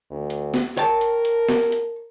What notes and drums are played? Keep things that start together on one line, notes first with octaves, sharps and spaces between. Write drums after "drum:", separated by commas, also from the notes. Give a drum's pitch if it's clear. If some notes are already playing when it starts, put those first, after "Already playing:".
D2
drum: hi-hat
drum: snare
A#4 C#5 G5 A5, drum: hi-hat
drum: hi-hat
drum: hi-hat
drum: snare
drum: hi-hat